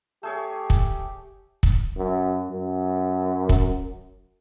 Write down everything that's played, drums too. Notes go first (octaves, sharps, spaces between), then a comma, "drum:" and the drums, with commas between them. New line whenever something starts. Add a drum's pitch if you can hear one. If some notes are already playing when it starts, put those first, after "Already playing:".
A3 G4 G#4 C#5
drum: kick
drum: kick
F#2
F#2
drum: kick